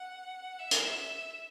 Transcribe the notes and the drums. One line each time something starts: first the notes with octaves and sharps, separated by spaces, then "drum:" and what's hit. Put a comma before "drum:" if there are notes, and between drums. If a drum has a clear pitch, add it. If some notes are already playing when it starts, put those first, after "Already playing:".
Already playing: F#5
E5
drum: hi-hat